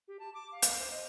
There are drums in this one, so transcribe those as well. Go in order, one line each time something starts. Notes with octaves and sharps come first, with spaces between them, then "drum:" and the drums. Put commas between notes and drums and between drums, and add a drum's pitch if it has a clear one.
G4
A5
D6
F5
drum: hi-hat
C5
D#5